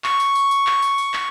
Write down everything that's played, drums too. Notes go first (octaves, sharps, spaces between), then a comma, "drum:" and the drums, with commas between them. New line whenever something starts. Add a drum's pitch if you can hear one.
C#6, drum: clap
drum: tambourine
drum: tambourine
drum: tambourine
drum: clap
drum: tambourine
drum: tambourine
drum: clap